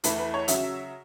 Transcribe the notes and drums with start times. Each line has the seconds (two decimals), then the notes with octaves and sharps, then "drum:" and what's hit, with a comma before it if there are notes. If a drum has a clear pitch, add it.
0.04 E2 E3 A3 B4, drum: hi-hat
0.19 B4
0.34 C#5
0.48 C#3 F#3 E5, drum: hi-hat